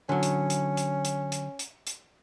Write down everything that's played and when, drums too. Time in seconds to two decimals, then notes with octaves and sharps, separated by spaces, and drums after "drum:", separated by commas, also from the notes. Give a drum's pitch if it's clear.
0.09 D3 F#3 C#4
0.23 drum: hi-hat
0.50 drum: hi-hat
0.77 drum: hi-hat
1.05 drum: hi-hat
1.32 drum: hi-hat
1.59 drum: hi-hat
1.87 drum: hi-hat